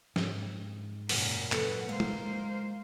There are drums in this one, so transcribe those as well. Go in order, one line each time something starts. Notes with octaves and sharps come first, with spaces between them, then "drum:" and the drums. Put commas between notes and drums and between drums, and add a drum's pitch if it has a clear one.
G#2, drum: snare
F#2 A#2 C#3 A#3, drum: open hi-hat
F#3 A#3 A4 B4 F#5, drum: clap
G#3 A#3 C5 F5
drum: tom